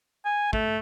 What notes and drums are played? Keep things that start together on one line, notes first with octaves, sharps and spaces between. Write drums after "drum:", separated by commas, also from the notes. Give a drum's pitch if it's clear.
G#5
A3, drum: kick